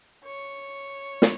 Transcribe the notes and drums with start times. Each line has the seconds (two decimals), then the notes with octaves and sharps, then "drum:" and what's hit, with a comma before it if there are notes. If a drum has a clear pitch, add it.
0.25 C#5
1.22 drum: snare